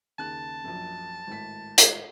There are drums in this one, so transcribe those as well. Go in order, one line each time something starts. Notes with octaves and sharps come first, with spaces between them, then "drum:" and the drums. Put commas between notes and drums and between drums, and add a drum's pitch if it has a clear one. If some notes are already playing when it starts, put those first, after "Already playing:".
D#2 C#3 A5 F#6
A#1 F#2
G#1 A2 B6
drum: hi-hat